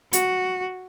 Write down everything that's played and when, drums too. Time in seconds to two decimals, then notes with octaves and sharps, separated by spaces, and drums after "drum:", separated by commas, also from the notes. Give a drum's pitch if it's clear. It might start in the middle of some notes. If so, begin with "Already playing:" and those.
0.13 F#4, drum: hi-hat